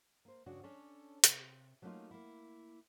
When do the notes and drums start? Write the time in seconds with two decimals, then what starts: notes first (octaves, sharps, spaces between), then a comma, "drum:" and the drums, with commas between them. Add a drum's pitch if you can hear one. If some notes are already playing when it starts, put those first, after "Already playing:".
0.25 A#3 C5
0.46 E2 G2 C#3 D4 F#4 C#5
0.64 C#4 D4 A4 C#5
1.24 C3, drum: hi-hat
1.82 F#3 A3 A#3 C#4 D#4 F4
2.11 A#3 E4